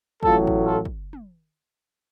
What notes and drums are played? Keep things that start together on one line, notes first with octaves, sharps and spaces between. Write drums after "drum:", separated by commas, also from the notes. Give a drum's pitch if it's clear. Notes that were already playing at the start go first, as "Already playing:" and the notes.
A1 A2 F#3 F4 A4, drum: kick
drum: kick
F4 A4
drum: kick
drum: tom